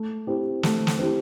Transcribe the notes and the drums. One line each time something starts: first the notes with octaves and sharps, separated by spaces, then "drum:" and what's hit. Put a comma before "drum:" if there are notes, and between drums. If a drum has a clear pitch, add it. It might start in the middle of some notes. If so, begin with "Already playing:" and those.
Already playing: A3
C4 E4 G4
A3, drum: snare
drum: snare
C4 E4 G4